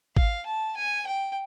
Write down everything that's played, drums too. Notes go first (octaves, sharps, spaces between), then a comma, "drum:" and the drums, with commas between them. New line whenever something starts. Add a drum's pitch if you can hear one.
F5, drum: kick G#1
A5
G#5
G5